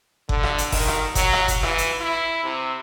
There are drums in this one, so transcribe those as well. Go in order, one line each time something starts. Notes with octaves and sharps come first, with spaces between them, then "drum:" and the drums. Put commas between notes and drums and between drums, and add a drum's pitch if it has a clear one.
D3, drum: kick F#1
drum: rim click
drum: hi-hat
D#3, drum: kick F#1, open hi-hat
drum: rim click
F#3, drum: kick F#1, hi-hat
drum: rim click
drum: kick F#1, hi-hat
E3, drum: rim click
drum: hi-hat
E4
C3